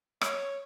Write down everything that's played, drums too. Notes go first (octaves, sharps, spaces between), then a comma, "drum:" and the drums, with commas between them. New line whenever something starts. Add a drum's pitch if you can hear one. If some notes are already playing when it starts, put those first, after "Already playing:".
C#5, drum: rim click